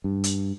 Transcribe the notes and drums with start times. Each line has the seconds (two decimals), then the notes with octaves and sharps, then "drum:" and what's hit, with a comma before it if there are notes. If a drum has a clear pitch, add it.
0.04 G2
0.24 drum: hi-hat